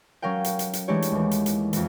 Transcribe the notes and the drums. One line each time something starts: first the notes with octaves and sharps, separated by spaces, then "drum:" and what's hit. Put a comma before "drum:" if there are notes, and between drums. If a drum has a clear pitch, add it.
F#3 C#4 A#4 F5 G5
drum: hi-hat
drum: hi-hat
drum: hi-hat
E3 G#3 A3 D4 G4 C#5
drum: hi-hat
D#2 E3
drum: hi-hat
drum: hi-hat
F2 E3, drum: hi-hat